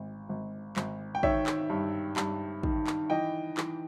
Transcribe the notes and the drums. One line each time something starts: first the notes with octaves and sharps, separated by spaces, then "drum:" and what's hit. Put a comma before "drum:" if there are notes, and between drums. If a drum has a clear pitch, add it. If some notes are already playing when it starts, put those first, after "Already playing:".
Already playing: G#1
G#1
G#1, drum: clap
G5
D#3 C#5 E5, drum: kick
drum: clap
G2
G2, drum: clap
D#3, drum: kick
drum: clap
E3 D#5 G5
E3, drum: clap